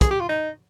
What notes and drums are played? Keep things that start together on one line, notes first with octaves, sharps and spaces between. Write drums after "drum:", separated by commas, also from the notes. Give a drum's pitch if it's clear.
G#4, drum: kick, hi-hat
G4
F4
D#4